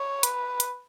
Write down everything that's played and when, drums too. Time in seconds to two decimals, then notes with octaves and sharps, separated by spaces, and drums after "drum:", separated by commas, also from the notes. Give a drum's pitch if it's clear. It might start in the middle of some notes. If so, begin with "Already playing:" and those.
Already playing: C#5
0.23 B4, drum: hi-hat
0.60 drum: hi-hat